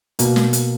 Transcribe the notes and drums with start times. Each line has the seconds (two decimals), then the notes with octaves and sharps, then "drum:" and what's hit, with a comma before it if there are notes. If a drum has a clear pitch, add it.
0.19 B2 A#3, drum: hi-hat
0.36 drum: snare
0.53 drum: hi-hat